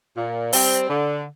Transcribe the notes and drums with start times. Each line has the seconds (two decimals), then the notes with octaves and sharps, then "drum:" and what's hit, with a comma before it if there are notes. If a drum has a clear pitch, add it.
0.17 A#2
0.53 G3 C4, drum: open hi-hat
0.88 D3